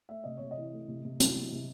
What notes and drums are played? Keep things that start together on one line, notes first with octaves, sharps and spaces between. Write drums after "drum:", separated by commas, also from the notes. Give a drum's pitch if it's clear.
A3 E5
C3 D#5
C3 C#5
D#5
E3
A3
C3
C3
E3, drum: hi-hat
F#3
C3